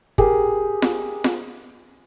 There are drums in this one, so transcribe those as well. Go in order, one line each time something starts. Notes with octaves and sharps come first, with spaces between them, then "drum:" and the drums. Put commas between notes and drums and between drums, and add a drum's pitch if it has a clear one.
G4 G#4 A#4, drum: kick
drum: snare F4
drum: snare F4